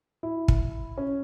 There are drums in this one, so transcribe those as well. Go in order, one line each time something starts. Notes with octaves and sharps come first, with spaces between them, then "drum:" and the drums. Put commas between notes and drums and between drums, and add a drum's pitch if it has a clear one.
E4
drum: kick
C#4